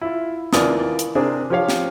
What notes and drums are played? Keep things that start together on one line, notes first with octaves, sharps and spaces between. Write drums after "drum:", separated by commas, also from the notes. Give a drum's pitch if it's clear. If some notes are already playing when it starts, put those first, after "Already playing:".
E4 F4
D#2 E3 A#3 F4 D5 D#6, drum: snare
drum: hi-hat
C3 C4 D4 G#4 A#4
F3 G4 C#5 F5
drum: snare